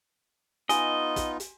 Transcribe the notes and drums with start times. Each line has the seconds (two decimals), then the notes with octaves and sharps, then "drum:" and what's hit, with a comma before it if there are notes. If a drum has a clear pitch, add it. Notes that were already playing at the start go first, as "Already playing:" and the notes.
0.69 B3 D#4 F4 D#5 G#5, drum: hi-hat
1.16 drum: kick, hi-hat
1.40 drum: hi-hat